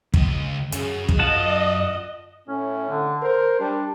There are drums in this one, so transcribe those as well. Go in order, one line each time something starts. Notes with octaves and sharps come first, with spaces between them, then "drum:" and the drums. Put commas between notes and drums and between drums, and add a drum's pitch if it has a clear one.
C#2 D#5, drum: kick
F#2 C#3, drum: hi-hat
drum: kick
F4 D#5 F#5 A5
A2 C#4
D3
A#4 C5
G3 D4